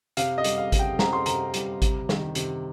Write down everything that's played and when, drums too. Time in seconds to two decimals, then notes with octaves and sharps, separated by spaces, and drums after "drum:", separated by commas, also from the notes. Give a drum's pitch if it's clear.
0.17 C3 F5, drum: hi-hat
0.38 D#5
0.44 G3, drum: hi-hat
0.58 F5
0.72 C3, drum: kick G#1, hi-hat
0.79 G5
0.99 C4 A#5, drum: snare
1.13 C6
1.26 C3 A#5, drum: hi-hat
1.54 G3, drum: hi-hat
1.82 C3, drum: kick G#1, hi-hat
2.09 D#3, drum: snare
2.35 C3, drum: hi-hat